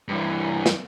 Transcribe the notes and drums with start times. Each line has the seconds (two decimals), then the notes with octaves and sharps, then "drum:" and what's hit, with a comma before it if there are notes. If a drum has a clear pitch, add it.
0.08 G2 E3
0.66 drum: snare